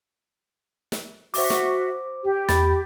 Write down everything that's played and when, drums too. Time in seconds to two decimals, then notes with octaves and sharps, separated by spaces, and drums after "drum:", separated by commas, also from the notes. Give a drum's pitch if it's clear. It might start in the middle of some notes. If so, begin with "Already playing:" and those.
0.92 drum: snare
1.34 F#4 C5 E5 D6, drum: open hi-hat
1.50 drum: snare
2.24 G4
2.49 E2 B5 A6, drum: snare